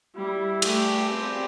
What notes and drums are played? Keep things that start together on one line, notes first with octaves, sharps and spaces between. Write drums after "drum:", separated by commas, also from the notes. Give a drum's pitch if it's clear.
G3 E4
A3 G4, drum: cymbal
C4 G4